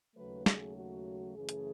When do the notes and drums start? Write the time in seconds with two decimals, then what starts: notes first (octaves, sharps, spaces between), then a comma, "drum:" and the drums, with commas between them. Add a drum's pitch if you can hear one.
0.16 D#2 C#3 F#3 A3 B4
0.46 G#4, drum: snare
0.76 F#4
1.36 F#2 C#3 E3 A3 G#4
1.49 drum: hi-hat